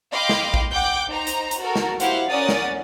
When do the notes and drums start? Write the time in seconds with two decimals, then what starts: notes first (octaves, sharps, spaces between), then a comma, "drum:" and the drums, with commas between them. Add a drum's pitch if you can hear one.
0.12 D#5 F5 G5 B5 C6 D6
0.29 drum: snare
0.54 drum: kick A#1
0.71 F#5 G5 D6 G6
1.10 D#4 C5 A#5
1.27 drum: hi-hat
1.51 drum: hi-hat
1.60 F#4 A4 A#4
1.76 drum: snare
2.00 E4 G4 C5 F5 F#5, drum: hi-hat
2.29 C#4 A#4 D5 F#5 D#6 A6
2.49 drum: snare